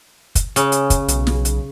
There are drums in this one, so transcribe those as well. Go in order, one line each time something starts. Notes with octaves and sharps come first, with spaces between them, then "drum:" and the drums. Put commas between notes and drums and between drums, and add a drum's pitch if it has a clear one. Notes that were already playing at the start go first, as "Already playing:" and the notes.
drum: kick, hi-hat
C#3, drum: hi-hat
drum: hi-hat
drum: kick, hi-hat
B1, drum: hi-hat
drum: snare
drum: hi-hat